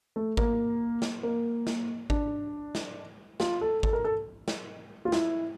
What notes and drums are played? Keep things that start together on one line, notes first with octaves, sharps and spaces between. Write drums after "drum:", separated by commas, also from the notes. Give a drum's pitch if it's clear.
A3
A#3, drum: kick G#1
drum: snare
A#3
drum: snare
D4, drum: kick G#1
drum: snare
F4, drum: snare
A4
A4, drum: kick G#1
A#4
A4
drum: snare
F4
E4, drum: snare